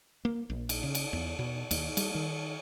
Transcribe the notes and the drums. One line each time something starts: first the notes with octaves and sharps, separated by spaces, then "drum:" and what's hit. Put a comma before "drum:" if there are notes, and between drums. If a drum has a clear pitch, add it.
A#3
A#1
drum: cymbal
C#3
drum: cymbal
E2
B2
D#2, drum: cymbal
G3, drum: cymbal
D#3